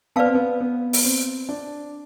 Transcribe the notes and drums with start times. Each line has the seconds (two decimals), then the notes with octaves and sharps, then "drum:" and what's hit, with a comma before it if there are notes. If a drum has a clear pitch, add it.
0.16 B3 B4 D5 F5 A5
0.25 C4
0.35 B3
0.61 B3
0.93 drum: open hi-hat
1.04 C4
1.49 D4